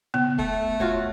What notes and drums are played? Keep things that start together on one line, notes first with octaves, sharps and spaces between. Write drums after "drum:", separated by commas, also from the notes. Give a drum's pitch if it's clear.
B3, drum: tom C#3
A3, drum: kick
F4 F#4 C#5, drum: kick